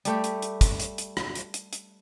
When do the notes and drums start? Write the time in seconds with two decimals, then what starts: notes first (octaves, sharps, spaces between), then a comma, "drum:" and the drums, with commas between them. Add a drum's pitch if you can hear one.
0.05 G3 A3 G4, drum: hi-hat
0.24 drum: hi-hat
0.42 drum: hi-hat
0.61 drum: kick, hi-hat
0.80 drum: hi-hat
0.98 drum: hi-hat
1.17 drum: rim click
1.35 drum: hi-hat
1.54 drum: hi-hat
1.73 drum: hi-hat